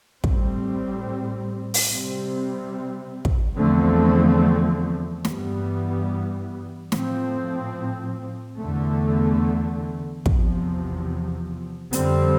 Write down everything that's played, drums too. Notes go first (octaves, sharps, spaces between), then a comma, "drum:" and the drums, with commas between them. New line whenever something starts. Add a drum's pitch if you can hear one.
A2 G3 C4, drum: kick
drum: open hi-hat
C3 G3 C4
drum: kick
E2 D3 F3 A3 C4
G2 E3 G3 B3, drum: snare
A2 F3 C4, drum: snare
E2 D3 A3
E2 C3 F3, drum: kick
F2 D3 G3 C4, drum: hi-hat